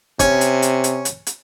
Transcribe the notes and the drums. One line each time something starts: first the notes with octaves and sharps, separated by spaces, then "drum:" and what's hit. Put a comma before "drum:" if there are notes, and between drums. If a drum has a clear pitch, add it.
C3 C#4, drum: kick, hi-hat
drum: hi-hat
drum: hi-hat
drum: hi-hat
drum: hi-hat
drum: hi-hat